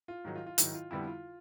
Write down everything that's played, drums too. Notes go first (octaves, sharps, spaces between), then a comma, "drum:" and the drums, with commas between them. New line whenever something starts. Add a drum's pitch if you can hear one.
F4
G#2 D#3 F#3
F4
F4
G#2 D#3 F#3 E4, drum: hi-hat
F4
F2 D3 G3 B3 E4
F4